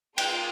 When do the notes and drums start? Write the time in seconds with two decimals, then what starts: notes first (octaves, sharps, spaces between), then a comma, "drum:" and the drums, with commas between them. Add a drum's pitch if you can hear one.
0.18 A#3 F4 G#4 G5, drum: cymbal